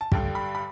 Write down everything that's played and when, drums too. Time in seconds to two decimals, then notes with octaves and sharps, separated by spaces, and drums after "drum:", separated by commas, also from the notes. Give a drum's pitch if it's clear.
0.01 A5
0.12 G2 D3 G3 G5, drum: kick
0.35 B5
0.55 B5